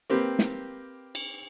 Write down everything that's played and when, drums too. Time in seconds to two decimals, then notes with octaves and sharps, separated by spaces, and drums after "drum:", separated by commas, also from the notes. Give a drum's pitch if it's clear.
0.10 A#3 C4 G4 B4
0.39 drum: snare
1.15 drum: cymbal